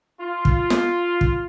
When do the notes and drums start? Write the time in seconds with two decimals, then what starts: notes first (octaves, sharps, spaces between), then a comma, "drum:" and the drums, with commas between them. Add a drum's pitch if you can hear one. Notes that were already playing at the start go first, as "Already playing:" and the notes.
0.20 F4
0.45 drum: kick
0.70 drum: snare
1.21 drum: kick